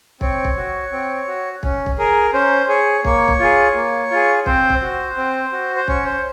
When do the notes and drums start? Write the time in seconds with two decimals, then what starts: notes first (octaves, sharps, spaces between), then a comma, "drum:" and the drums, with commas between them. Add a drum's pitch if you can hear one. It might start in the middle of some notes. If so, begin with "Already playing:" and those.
0.21 C4 C#5, drum: kick
0.45 drum: kick
0.57 F#4
0.92 C4
1.28 F#4
1.63 C#4, drum: kick
1.86 drum: kick
1.98 G#4 A#4
2.33 C#4 C5
2.68 G#4 C#5
3.05 A#3 C#5, drum: kick
3.28 drum: kick
3.40 F4 G#4
3.75 A#3
4.11 F4 G#4
4.46 C4 C5, drum: kick
4.70 drum: kick
4.82 F#4
5.17 C4
5.52 F#4
5.76 C5
5.88 C#4 C#5, drum: kick
6.06 C5